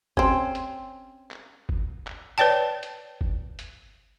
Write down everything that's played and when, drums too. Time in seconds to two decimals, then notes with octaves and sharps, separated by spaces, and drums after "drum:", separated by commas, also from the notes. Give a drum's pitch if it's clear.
0.17 C4 C#4, drum: kick G1
0.55 drum: hi-hat
1.31 drum: clap
1.69 drum: kick G1
2.07 drum: clap
2.38 B4 C#5 D5 G5 A5
2.83 drum: hi-hat
3.21 drum: kick G1
3.59 drum: hi-hat